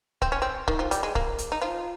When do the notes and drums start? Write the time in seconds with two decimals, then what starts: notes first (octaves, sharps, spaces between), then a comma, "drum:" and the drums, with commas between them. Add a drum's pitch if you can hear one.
0.22 C4, drum: kick C#1
0.32 C#4
0.42 C4
0.68 D#3, drum: kick C#1
0.79 F3
0.91 G3, drum: hi-hat
1.03 G#3
1.15 A#3, drum: kick C#1
1.38 drum: hi-hat
1.52 D#4
1.62 F3 F4